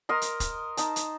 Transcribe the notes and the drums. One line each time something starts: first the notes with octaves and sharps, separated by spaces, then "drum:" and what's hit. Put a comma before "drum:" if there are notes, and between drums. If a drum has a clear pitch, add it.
A#4 D#5 C6
drum: hi-hat
drum: kick, hi-hat
D#4 A5, drum: hi-hat
drum: hi-hat